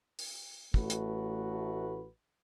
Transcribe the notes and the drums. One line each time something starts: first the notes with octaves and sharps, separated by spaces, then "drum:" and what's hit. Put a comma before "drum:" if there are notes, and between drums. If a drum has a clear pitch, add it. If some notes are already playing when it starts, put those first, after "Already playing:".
drum: open hi-hat
A1 A3 F#4 B4, drum: kick
drum: hi-hat